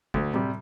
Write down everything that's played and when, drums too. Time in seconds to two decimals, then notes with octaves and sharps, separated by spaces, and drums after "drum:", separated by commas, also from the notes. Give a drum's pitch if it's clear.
0.14 D2, drum: kick
0.34 C3 G3, drum: tom A2